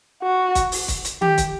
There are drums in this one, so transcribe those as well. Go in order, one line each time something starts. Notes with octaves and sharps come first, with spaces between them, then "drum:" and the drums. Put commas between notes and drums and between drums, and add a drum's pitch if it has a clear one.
F#4
drum: kick, hi-hat
drum: open hi-hat
drum: kick, hi-hat
drum: hi-hat
G4, drum: tom D#3
drum: kick, hi-hat